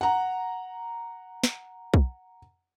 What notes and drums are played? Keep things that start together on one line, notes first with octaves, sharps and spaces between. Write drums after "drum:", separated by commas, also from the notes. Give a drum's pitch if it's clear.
F#5 A#5
drum: snare
drum: kick